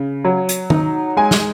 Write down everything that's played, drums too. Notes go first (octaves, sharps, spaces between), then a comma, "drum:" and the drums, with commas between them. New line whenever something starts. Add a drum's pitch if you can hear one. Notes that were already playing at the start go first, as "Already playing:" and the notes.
Already playing: C#3
F#3
drum: hi-hat
D#4, drum: tom D#3
G#3 G#5
drum: snare